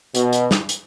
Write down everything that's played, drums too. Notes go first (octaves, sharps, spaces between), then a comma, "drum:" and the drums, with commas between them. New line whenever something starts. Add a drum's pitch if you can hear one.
B2, drum: hi-hat
drum: hi-hat
drum: snare
drum: hi-hat